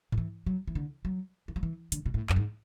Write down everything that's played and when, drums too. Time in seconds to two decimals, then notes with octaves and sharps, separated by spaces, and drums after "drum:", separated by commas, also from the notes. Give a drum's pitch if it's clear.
0.12 F#3, drum: tom G#2
0.18 E3
0.46 F#3
0.68 E3
0.75 D3
1.05 F#3
1.48 E3
1.56 F#3
1.63 E3
1.92 D3, drum: hi-hat
2.06 B2
2.14 A2
2.29 F#2, drum: clap
2.36 G#2